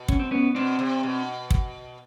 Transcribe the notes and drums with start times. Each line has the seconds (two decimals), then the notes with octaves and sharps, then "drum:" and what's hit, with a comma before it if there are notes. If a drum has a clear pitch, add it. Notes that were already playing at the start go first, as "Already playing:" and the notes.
Already playing: B2
0.08 C#4, drum: kick
0.19 C4
0.31 B3 C#4
0.55 B2 C4 D4
0.79 C3
1.03 B2
1.50 drum: kick